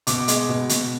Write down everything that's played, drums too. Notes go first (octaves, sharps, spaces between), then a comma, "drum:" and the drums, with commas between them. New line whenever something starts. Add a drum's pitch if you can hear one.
B2 D6, drum: hi-hat
G#3, drum: hi-hat
B2
B2, drum: hi-hat